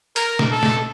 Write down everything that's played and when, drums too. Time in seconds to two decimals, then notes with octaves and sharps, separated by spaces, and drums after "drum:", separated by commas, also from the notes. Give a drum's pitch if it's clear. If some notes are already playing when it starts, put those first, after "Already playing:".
0.16 A#4, drum: hi-hat
0.39 drum: snare
0.51 A4
0.63 drum: snare